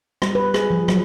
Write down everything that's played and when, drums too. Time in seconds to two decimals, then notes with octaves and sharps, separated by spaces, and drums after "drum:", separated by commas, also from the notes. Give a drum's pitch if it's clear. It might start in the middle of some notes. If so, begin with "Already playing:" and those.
0.22 G3, drum: rim click
0.35 B4
0.54 G#4, drum: rim click
0.70 F3
0.88 F#3, drum: rim click